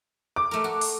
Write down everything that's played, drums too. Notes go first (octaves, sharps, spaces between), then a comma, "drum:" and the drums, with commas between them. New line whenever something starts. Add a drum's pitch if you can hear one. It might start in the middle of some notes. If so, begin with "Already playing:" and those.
D6
A3 A#4
F#4
drum: open hi-hat